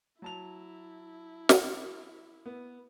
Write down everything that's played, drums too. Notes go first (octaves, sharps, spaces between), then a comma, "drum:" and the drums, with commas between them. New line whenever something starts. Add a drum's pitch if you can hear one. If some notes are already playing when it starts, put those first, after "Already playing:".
F#3 E4 A5 F7
drum: snare
B3